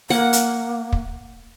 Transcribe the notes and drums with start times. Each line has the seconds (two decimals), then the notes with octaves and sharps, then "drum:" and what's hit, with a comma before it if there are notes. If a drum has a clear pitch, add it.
0.10 A#3 F#5
0.33 drum: hi-hat
0.93 drum: kick